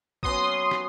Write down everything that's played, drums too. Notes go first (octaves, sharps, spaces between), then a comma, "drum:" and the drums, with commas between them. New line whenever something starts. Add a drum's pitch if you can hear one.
F#3 B3 C#4 C6 D#6, drum: kick
drum: rim click